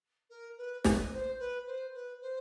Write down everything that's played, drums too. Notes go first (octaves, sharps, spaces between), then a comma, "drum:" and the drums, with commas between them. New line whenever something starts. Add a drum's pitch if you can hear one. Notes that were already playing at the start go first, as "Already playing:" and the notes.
A#4
B4
B4, drum: snare
C5
B4
C5
B4
C5